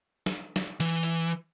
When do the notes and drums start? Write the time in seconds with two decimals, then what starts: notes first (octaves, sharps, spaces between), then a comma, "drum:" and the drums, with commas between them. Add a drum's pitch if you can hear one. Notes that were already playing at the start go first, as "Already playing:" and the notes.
0.26 drum: snare
0.56 drum: snare
0.80 E3, drum: hi-hat
1.03 drum: hi-hat